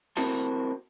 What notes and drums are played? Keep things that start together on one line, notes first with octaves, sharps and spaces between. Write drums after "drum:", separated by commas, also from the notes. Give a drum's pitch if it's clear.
C4 E4 F#4 A#4 C5 A5, drum: open hi-hat